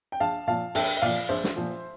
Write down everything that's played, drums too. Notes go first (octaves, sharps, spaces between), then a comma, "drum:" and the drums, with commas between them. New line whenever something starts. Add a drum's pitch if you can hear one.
G5
A#1 F5 A5
A#2 F3 F5 A5
A#1 E5 G5, drum: open hi-hat
E5
A#2 F3 D5 F5
A#1 C5 E5
drum: snare
A#2 F3